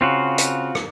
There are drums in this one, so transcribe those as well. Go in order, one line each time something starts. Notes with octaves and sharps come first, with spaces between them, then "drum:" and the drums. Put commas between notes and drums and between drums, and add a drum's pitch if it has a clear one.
C#3 C4 F4 F#4
drum: hi-hat
drum: rim click